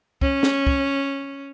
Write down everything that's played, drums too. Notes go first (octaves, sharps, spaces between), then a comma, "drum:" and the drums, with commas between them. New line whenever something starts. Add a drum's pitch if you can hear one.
C#4, drum: kick
drum: snare
drum: kick